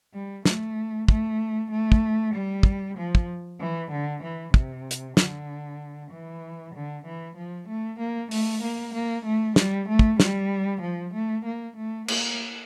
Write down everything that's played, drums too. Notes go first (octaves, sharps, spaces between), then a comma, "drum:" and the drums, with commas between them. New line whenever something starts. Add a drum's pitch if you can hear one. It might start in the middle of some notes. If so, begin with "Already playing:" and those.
G3
A3, drum: snare
A3, drum: kick
A3
drum: kick
G3
drum: kick
F3
drum: kick
E3
D3
E3
C3, drum: kick
drum: hi-hat
D3, drum: snare
E3
D3
E3
F3
A3
A#3
A3, drum: open hi-hat
A#3
A#3
A3
G3, drum: snare
A3
drum: kick
G3, drum: snare
F3
A3
A#3
A3
A#3, drum: cymbal